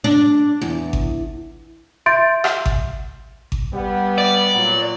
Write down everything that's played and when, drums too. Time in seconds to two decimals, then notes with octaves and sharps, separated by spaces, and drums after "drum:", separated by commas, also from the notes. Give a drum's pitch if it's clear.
0.04 D4
0.61 E2
0.93 drum: kick G#1
2.06 E5 C6 G6 A6 D7
2.44 drum: rim click
2.66 drum: kick G#1
3.52 drum: kick G#1
3.73 G3 B3
4.18 D5
4.55 A#2 F#3